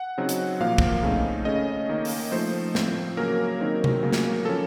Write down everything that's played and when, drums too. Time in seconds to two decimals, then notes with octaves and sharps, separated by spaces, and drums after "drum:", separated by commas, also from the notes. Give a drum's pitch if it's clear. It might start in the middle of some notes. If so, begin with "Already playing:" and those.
Already playing: F#5
0.18 C#3 F#3 C4 D#4
0.29 drum: hi-hat
0.60 A#2 F3 A#3 F5
0.78 drum: kick
1.03 C#3 A3 C4 D#4
1.45 C#3 A3 C#4 D#5
1.89 D#3 A#3 C#4
2.05 drum: open hi-hat
2.32 F3 A3 D#4 C5
2.75 A2 F3 C4, drum: snare
3.17 C#3 F#3 A#3 C#4 A#4
3.61 D#3 F#3 C4 D#4
3.84 drum: tom C3
4.03 C#3 F#3 A#3
4.13 drum: snare
4.45 F3 A#3 C#4 A4